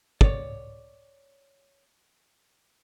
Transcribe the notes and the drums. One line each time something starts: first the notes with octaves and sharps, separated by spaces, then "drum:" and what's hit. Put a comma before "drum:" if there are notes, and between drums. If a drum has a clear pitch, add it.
C#5 D5, drum: kick